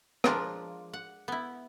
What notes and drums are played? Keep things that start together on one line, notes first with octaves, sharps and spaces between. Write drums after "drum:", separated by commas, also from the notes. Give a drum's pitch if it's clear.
F3 G#3 D4 F4 A#4 A#5, drum: rim click
F#5
B3 E4